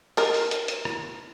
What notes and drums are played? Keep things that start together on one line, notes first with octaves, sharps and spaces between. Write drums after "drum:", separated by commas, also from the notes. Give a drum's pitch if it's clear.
D#4 A#4, drum: open hi-hat
drum: open hi-hat
drum: hi-hat
drum: hi-hat
drum: rim click